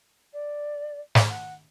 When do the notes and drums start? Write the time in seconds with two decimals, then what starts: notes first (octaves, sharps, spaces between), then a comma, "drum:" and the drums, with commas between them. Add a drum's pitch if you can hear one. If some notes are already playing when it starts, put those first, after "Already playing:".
0.33 D5
1.15 drum: snare
1.29 F#5